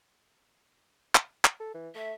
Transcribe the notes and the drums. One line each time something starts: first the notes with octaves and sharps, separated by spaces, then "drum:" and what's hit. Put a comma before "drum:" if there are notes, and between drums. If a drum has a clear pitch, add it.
drum: clap
drum: clap
A4
E3
A3 E5